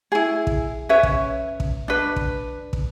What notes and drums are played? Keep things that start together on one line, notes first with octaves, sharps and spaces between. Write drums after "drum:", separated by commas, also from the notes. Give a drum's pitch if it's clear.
E4 G#4
drum: kick
C#4 B4 C#5 E5
drum: kick
drum: kick
D4 B4
drum: kick
drum: kick